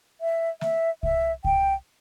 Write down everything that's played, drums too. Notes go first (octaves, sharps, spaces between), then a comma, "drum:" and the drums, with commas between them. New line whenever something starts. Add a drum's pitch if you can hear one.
E5
E5, drum: snare
E5, drum: kick C2
G5, drum: kick C2